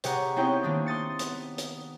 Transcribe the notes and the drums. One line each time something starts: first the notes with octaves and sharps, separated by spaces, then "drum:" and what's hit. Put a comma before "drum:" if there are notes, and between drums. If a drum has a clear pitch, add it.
C3 G4 G#4 C#5 F#5 A#5, drum: hi-hat
B3 C4 D#4 E4 C#5 G5
D#3 A3 A#3 D4 D#4
C6 D#6 A6 C#7
B3, drum: hi-hat
drum: hi-hat